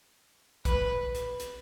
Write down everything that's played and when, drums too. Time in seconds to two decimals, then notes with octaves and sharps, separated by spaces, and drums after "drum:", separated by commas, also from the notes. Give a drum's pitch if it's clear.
0.65 B4, drum: kick, hi-hat
1.15 drum: hi-hat
1.40 drum: hi-hat